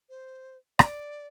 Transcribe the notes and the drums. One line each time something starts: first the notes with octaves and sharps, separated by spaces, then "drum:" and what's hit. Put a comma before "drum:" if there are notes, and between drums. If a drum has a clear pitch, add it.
C5
D5, drum: rim click